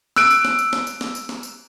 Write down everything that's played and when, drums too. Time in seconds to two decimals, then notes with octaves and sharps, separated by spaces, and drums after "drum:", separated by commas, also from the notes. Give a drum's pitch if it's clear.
0.16 E6 F#6 D7, drum: snare
0.31 drum: tambourine
0.45 drum: snare
0.59 drum: tambourine
0.73 drum: snare
0.87 drum: tambourine
1.01 drum: snare
1.15 drum: tambourine
1.29 drum: snare
1.43 drum: tambourine